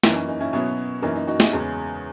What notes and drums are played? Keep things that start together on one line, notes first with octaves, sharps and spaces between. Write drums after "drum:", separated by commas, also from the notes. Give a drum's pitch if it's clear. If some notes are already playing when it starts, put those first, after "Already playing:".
F#2 E3 A#3 D#4, drum: snare
C#4
D#4
C#4 E4
B2 F#3 B3 C#4 E4
F#2 E3 A#3 C#4 D#4
D#4
D#4 F#4
E4 G#4, drum: snare
E2 C#3 G#3 C#4